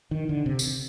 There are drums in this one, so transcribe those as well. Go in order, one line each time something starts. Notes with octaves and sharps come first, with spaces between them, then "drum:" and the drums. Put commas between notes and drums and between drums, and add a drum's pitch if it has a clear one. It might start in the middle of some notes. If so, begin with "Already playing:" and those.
D#3
D3
C3
drum: tambourine